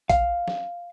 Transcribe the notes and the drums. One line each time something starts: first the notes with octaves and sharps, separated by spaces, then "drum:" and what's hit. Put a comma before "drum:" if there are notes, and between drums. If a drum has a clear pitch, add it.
F5, drum: kick, hi-hat
drum: snare